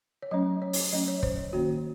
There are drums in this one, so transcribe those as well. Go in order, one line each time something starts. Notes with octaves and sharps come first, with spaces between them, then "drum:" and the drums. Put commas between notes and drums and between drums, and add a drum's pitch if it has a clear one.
C#5
F#3 A3 C#4 D#5
C#5
drum: open hi-hat
F#3 A3 C#4 D#5
C#5
C5, drum: kick
C#5
D#3 A#3 C#4 F#4